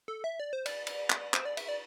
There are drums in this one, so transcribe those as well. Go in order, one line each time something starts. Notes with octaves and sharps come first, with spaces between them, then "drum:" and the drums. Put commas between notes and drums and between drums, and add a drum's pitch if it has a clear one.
A4
E5
D5
C5
D5, drum: cymbal
drum: cymbal
drum: clap
C5, drum: clap
D5
E5, drum: cymbal
D5